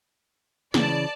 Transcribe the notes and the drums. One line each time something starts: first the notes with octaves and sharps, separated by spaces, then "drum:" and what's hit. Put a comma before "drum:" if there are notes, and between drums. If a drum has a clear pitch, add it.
C#3 E3 D5 A5, drum: snare